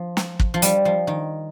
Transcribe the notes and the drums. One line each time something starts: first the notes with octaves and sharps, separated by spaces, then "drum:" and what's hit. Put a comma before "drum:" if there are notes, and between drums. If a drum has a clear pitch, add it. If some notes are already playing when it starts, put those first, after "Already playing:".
Already playing: F3
drum: snare
drum: kick
F3
G3, drum: hi-hat
F3
D#3